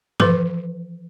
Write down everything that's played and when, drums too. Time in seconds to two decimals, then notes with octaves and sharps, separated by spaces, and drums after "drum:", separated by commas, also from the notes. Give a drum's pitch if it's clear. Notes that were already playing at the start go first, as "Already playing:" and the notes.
0.20 E3 F3 A4 B4 D6, drum: tom